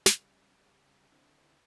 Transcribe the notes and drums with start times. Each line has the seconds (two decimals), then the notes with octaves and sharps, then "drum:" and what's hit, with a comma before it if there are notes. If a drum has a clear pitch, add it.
0.06 C#3 G3, drum: snare
1.12 D3 C4 E4